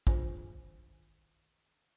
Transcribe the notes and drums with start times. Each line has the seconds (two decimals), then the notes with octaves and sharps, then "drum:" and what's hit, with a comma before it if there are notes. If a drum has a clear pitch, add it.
0.07 D#3 D4 F4 G#4 C5 G#5, drum: kick